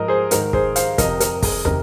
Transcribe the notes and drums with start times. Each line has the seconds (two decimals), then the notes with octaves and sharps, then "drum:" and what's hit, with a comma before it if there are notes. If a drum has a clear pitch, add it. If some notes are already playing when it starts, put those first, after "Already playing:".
Already playing: G#2 F3 A#4 D#5
0.08 G#4 C5
0.31 G#2 D#3 A#4, drum: hi-hat
0.53 G#4 C5, drum: kick
0.76 C5 F5, drum: hi-hat
0.98 F2 C3 F3 A#4 D#5, drum: kick, hi-hat
1.20 A#4, drum: hi-hat
1.43 G#4, drum: kick, open hi-hat
1.65 C3 D#3 A#4, drum: tom